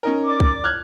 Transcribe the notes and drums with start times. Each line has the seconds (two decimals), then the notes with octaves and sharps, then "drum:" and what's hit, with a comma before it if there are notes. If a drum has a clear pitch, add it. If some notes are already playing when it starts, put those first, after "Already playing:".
0.03 C#4 D#4 A#4
0.25 D5 D6
0.40 drum: kick C2
0.64 F6 F#6 G#6